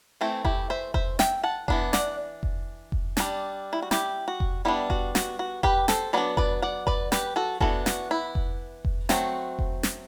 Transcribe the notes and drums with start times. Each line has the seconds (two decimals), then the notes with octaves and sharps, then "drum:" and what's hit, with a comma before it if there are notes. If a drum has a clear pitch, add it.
0.21 E3 A3 C4 E4
0.45 E4 G4, drum: kick F1
0.70 C5 E5
0.94 C5 E5, drum: kick F1
1.19 E5 G5, drum: snare
1.44 F#5 A5
1.68 E3 B3 D4, drum: kick F1
1.93 D5 F#5, drum: snare
2.43 drum: kick F1
2.92 drum: kick F1
3.17 G3 D4, drum: snare
3.73 E4
3.82 F#4
3.91 E4 G4, drum: snare
4.28 F#4
4.40 drum: kick F1
4.65 G3 B3 D4 E4
4.90 F#4, drum: kick F1
5.15 F#4, drum: snare
5.39 F#4
5.63 G4 B4, drum: kick F1
5.88 A4 C5, drum: snare
6.13 F#3 B3 D4 B4 D5
6.37 B4 D5, drum: kick F1
6.62 D5 F#5
6.87 B4 D5, drum: kick F1
7.12 G4 B4, drum: snare
7.36 F#4 A4
7.60 E3 B3 D4 F#4 A4, drum: kick F1
7.86 F#4, drum: snare
8.11 E4
8.35 drum: kick F1
8.85 drum: kick F1
9.09 F#3 A3 C4 F#4, drum: snare
9.59 drum: kick F1
9.83 drum: snare